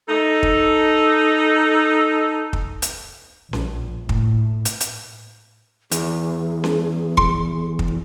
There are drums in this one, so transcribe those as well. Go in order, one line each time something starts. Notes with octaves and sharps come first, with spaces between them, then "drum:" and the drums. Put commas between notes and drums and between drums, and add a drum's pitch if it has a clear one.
D#4 A4
drum: kick
drum: kick
drum: hi-hat
A#1, drum: snare C#4
A2, drum: kick
drum: hi-hat
drum: hi-hat
E2 G#4, drum: hi-hat
drum: snare C#4
C6, drum: kick
drum: kick